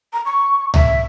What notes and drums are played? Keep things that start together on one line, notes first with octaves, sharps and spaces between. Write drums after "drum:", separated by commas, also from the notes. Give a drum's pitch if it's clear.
A#5
C#6
E5, drum: tom C#2